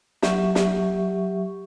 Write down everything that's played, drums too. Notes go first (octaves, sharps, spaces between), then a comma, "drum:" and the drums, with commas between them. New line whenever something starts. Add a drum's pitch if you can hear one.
F#3 G4 E5 C#6, drum: snare
drum: snare